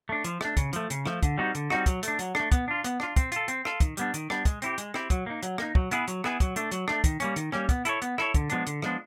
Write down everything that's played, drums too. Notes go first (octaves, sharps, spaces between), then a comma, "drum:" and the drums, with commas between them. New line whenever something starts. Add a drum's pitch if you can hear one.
A3 D4
F3, drum: hi-hat
A3 D4, drum: rim click
C#3, drum: kick, hi-hat
F3 A3, drum: hi-hat
C#3, drum: hi-hat
F3 A3, drum: rim click
D3, drum: kick, hi-hat
G3 C4 D#4 F#4
D3, drum: hi-hat
G3 C4 D#4 F#4, drum: rim click
F#3, drum: kick, hi-hat
A3 D4, drum: hi-hat
F#3, drum: hi-hat
A3 D4, drum: rim click
B3, drum: kick, hi-hat
D4 F4
B3, drum: hi-hat
D4 F4, drum: rim click
C4, drum: kick, hi-hat
F4 A4, drum: hi-hat
C4, drum: hi-hat
F4 A4, drum: rim click
D#3, drum: kick, hi-hat
G3 B3 D4, drum: hi-hat
D#3, drum: hi-hat
G3 B3 D4, drum: rim click
G#3, drum: kick, hi-hat
C4 E4 G4, drum: hi-hat
G#3, drum: hi-hat
C4 E4 G4, drum: rim click
F#3, drum: kick, hi-hat
A#3 D#4
F#3, drum: hi-hat
A#3 D#4, drum: rim click
F#3, drum: kick
B3 E4 G#4 B4, drum: hi-hat
F#3, drum: hi-hat
B3 E4 G#4 B4, drum: rim click
F#3, drum: kick, hi-hat
A3 D4, drum: hi-hat
F#3, drum: hi-hat
A3 D4, drum: rim click
D#3, drum: kick, hi-hat
G3 A#3 C#4, drum: hi-hat
D#3, drum: hi-hat
G3 A#3 C#4, drum: rim click
B3, drum: kick, hi-hat
E4 A4 C#5, drum: hi-hat
B3, drum: hi-hat
E4 A4 C#5, drum: rim click
D3, drum: kick, hi-hat
F3 G#3 B3 D4, drum: hi-hat
D3, drum: hi-hat
F3 G#3 B3 D4, drum: rim click